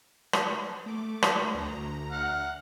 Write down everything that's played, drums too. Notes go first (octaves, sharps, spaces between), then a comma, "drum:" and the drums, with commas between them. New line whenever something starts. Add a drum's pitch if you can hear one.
drum: rim click
A3 D6
drum: rim click
D2 A#5
F#5 F6